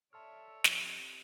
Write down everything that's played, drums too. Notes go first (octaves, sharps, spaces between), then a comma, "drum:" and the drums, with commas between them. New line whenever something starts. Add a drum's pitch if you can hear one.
A4 C#5 D5 E5 A5 C6 F6
F3 C4 G4, drum: snare